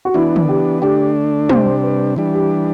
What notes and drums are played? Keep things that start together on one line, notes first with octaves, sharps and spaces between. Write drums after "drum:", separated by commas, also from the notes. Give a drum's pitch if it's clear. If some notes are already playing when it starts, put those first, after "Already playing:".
F#4
E3 B3 D4 E4
drum: tom
G4
D3 A3 D4 G4
C3 G3 D4 C5, drum: tom
B4
E3 G3 D4
G4